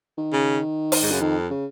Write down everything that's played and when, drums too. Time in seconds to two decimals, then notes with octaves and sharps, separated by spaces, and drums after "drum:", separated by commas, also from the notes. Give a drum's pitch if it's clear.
0.18 D#3
0.33 C#3
0.92 drum: open hi-hat
1.02 G#2
1.11 F#2 C#3
1.21 F2 D#3
1.50 C#3